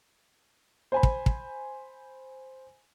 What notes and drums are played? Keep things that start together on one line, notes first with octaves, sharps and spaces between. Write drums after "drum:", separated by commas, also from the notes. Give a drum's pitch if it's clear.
C5 G#5 B5
drum: kick
drum: kick